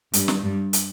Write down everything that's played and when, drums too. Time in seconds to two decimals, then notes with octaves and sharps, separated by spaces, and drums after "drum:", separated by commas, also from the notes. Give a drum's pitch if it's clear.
0.13 G2, drum: hi-hat
0.28 drum: snare
0.43 G2
0.73 drum: hi-hat